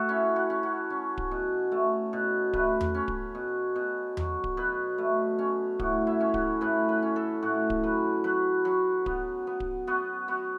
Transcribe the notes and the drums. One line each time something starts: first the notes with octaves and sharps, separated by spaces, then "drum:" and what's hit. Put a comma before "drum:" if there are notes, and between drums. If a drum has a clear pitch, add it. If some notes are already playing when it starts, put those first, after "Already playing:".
Already playing: A3 F#4 A4
C#4 E4
F#4
C#4
F#4
C#4
drum: kick D1
B2
A3
B2
A3 B4, drum: kick D1
drum: tom E2
C#4
drum: kick D1
B2
B2
F#3, drum: tom E2
drum: kick D1
B2 B4
A3
C#4
A2 F#4, drum: kick D1
E4
C#4
F#4, drum: kick D1
A2 B4
B4
C#4
A4
A2 F#4
drum: kick D1
F#3 B4
F#3 B4
F#3
B3, drum: kick D1
B3
drum: kick D1
B3 F#4
B3 F#4